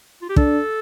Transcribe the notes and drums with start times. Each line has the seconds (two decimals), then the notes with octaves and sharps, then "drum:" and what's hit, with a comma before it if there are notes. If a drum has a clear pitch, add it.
0.22 F4
0.29 G4
0.36 D4 A4, drum: kick